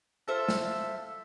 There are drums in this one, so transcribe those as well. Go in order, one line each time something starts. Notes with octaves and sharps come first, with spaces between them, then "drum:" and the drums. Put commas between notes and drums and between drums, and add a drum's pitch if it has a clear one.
F4 A4 C5 E5
drum: snare